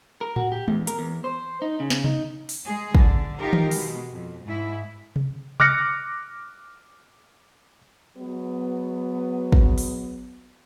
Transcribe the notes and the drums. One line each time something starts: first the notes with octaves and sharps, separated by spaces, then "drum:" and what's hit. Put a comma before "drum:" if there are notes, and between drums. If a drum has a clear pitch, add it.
A#4
F#4, drum: tom A2
G4
E2, drum: tom G#3
A#4, drum: hi-hat
E2
C5
D#4
C#3
drum: snare
D#4, drum: tom C3
drum: open hi-hat
G#3 G#4
D3, drum: kick
D#4 F4 G4 A#4
drum: tom D#3
B2 G#3, drum: open hi-hat
F2
G#2 E4
drum: tom C3
D6 F6 F#6 A#6 C#7, drum: tom C3
F#3 G#3 B3
drum: kick
drum: open hi-hat